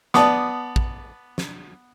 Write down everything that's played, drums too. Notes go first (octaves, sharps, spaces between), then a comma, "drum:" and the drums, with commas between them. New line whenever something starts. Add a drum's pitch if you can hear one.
B3 D5 A5 D6 D#6, drum: snare
drum: kick
drum: snare